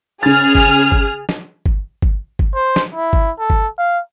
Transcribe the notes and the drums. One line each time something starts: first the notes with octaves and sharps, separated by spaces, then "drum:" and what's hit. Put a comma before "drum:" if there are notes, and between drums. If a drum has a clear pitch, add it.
C#3 G#4 F6 A6
drum: kick G1
drum: kick G1
drum: snare
drum: kick G1
drum: kick G1
drum: kick G1
C5
drum: snare
E4
drum: kick G1
A4
drum: kick G1
F5